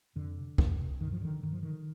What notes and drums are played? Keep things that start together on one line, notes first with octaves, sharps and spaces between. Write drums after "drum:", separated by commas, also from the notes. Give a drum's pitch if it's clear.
F2 D3
C3
F2, drum: kick
C3
G2 D#3
F3
D3 D#3
G2 D#3
F3
D3 D#3